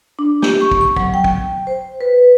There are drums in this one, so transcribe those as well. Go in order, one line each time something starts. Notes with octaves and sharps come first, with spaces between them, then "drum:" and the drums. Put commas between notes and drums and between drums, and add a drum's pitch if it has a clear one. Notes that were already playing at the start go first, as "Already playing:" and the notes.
D4
G4, drum: snare
C#6
drum: kick
C#6
F#3, drum: kick
G5
drum: kick
C5
B4